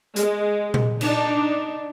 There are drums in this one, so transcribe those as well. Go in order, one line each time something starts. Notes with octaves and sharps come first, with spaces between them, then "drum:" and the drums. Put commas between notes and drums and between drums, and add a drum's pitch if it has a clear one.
G#3, drum: hi-hat
drum: tom A#2
D4 D#4, drum: cymbal